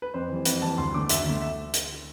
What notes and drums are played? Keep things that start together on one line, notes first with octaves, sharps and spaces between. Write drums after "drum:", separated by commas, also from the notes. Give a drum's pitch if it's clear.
B4
F2 C5
E3 G3
F2 B4, drum: hi-hat
E3 G3 A5
D2 C6
D3 A3 D6
D2 E5, drum: hi-hat
D3 A3 E5
E5
drum: hi-hat